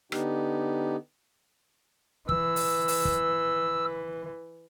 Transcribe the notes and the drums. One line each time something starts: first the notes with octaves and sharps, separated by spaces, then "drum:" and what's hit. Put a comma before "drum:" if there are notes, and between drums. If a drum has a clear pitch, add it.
D3 B3 D#4 G4, drum: rim click
E3 E6, drum: kick
drum: open hi-hat
drum: open hi-hat
drum: kick